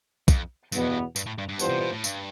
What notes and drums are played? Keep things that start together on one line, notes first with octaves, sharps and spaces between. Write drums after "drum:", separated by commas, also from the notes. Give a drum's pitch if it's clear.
F2, drum: kick, tambourine
E2 G2 B2 B3, drum: tambourine
F2
G2
G2, drum: tambourine
A2
G2
G2
E3 G3 B3 F4 C5, drum: tambourine
C3
B2
A2
G2, drum: tambourine